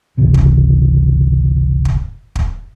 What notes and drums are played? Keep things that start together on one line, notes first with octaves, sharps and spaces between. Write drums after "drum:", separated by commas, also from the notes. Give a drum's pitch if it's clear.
G1 C#2 C3 E3
drum: kick
drum: kick
drum: kick